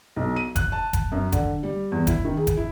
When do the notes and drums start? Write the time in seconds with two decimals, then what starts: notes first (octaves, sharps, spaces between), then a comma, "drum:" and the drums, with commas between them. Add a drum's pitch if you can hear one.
0.16 B1
0.36 D#7
0.56 F#6, drum: kick F1, hi-hat
0.72 A5
0.93 drum: kick F1, hi-hat
1.12 F#2
1.32 D3, drum: kick F1, hi-hat
1.63 G3
1.92 E2
2.07 E4, drum: kick F1, hi-hat
2.25 D#3
2.37 G#4
2.47 drum: kick F1, hi-hat
2.57 E4